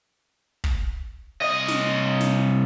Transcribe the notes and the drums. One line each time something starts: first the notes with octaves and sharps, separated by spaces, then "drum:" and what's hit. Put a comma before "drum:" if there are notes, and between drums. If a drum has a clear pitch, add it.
drum: kick
C2 D#5
drum: snare
drum: snare